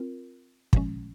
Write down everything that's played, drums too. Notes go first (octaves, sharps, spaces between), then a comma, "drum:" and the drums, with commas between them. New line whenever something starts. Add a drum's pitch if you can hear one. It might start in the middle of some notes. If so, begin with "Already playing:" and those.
Already playing: C4 F4 A#4
A#2 F3 G#3 C#4, drum: kick